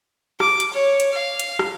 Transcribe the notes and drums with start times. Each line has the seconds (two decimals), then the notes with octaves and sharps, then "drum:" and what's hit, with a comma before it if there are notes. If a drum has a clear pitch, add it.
0.40 D6, drum: rim click
0.60 drum: hi-hat
0.73 C#5
1.00 drum: hi-hat
1.13 F5
1.39 drum: hi-hat
1.59 drum: rim click